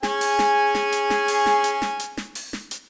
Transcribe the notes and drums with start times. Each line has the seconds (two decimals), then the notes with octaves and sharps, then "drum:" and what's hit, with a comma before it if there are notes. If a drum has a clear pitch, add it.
0.03 C#4 G#4 G#5, drum: snare
0.21 drum: open hi-hat
0.39 drum: snare
0.75 drum: snare
0.92 drum: hi-hat
1.10 drum: snare
1.28 drum: open hi-hat
1.46 drum: snare
1.64 drum: hi-hat
1.82 drum: snare
2.00 drum: hi-hat
2.17 drum: snare
2.35 drum: open hi-hat
2.53 drum: snare
2.71 drum: hi-hat